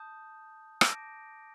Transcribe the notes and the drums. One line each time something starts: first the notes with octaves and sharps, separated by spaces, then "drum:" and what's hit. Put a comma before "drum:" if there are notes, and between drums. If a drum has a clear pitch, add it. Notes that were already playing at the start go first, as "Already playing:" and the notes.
Already playing: A5 D#6 G6
A5 D6 G6 A#6 D7, drum: rim click